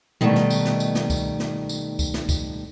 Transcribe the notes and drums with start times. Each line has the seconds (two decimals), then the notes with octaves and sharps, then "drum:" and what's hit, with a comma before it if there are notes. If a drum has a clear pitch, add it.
0.21 B2 D#3 G3 A3, drum: tom
0.36 drum: snare
0.50 drum: tambourine
0.65 drum: snare
0.80 drum: tambourine
0.95 drum: snare
1.10 drum: kick C#2, tambourine
1.40 drum: snare
1.69 drum: tambourine
1.99 drum: kick C#2, tambourine
2.14 drum: snare
2.29 drum: kick C#2, tambourine